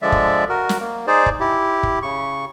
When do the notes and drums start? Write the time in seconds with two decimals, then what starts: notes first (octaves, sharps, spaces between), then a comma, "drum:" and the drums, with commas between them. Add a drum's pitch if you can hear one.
0.02 D3 F3 G#3 D5 E5
0.12 drum: kick
0.49 F#4 A#4
0.69 drum: snare
0.80 A#3
1.07 D#4 G#4 C5 D5
1.26 drum: kick
1.40 E4 G4
1.83 drum: kick
2.02 C#3 C#6